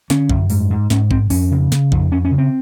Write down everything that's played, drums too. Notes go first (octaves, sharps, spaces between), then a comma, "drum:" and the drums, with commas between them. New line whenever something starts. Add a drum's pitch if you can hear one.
D3 C#4, drum: snare
F#2, drum: kick
G#2, drum: open hi-hat
G#2
G#2 C#4, drum: snare
G#2 C4, drum: kick
F2 C#4, drum: open hi-hat
C#3
C#3, drum: snare
F2, drum: kick
F2 C#4
C#4
C#3
C4